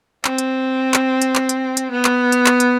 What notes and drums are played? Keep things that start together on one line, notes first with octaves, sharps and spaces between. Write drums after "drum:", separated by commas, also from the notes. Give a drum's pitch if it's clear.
C4, drum: clap
drum: hi-hat
drum: clap
drum: hi-hat
drum: clap
drum: hi-hat
drum: hi-hat
B3
drum: clap
drum: hi-hat
drum: clap
drum: hi-hat